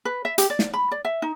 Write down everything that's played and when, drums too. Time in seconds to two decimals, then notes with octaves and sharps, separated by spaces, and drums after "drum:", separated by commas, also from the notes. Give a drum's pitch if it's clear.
0.05 B4
0.25 E5
0.38 G4, drum: hi-hat
0.50 D5
0.59 drum: snare
0.73 B5
0.91 D5
1.05 E5
1.22 D#4